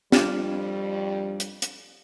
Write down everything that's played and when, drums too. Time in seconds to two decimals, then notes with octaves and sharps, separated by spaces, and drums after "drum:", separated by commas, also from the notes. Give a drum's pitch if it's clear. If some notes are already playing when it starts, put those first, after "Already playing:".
0.12 F2 G3 D4 F4, drum: snare
1.40 drum: hi-hat
1.62 drum: hi-hat